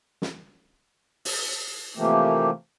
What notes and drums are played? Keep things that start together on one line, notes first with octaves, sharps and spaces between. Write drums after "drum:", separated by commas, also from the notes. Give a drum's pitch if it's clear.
drum: snare
drum: open hi-hat
C3 E3 F3 A3 A#3 G4